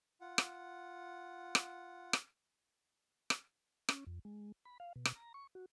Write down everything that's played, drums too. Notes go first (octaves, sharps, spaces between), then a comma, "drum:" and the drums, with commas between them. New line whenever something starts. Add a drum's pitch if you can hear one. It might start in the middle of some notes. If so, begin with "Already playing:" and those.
F4 F#5
drum: rim click
drum: rim click
drum: rim click
drum: rim click
C#4, drum: rim click
F2
G#3
B5
F5
B2
drum: rim click
A#5
C#6
F#4